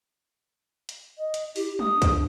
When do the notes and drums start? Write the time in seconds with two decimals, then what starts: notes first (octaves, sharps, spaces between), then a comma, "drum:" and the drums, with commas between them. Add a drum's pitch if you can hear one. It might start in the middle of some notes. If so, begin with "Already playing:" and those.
0.89 drum: hi-hat
1.18 D#5
1.34 drum: hi-hat
1.56 E4 G4, drum: open hi-hat
1.79 D4 D#6, drum: tom G3
2.02 drum: kick C2, hi-hat